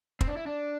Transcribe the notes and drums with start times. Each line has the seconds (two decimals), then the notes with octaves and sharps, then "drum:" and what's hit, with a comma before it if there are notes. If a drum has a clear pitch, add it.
0.21 C4, drum: kick
0.27 D4
0.37 E4
0.46 D4